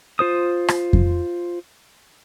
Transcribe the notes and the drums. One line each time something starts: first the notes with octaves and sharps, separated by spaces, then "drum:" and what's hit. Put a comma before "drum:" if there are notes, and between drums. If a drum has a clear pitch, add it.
F4 C5 D#6
drum: rim click
drum: kick F2